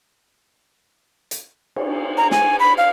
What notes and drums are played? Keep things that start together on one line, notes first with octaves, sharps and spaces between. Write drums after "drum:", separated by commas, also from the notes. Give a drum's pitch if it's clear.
drum: hi-hat
drum: cymbal
A#5
G#5, drum: snare
B5
F5